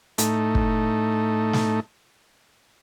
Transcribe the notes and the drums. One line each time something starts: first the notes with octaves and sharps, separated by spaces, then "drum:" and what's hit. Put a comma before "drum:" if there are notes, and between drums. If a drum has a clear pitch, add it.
A2 A3 D#4, drum: hi-hat
drum: kick
drum: snare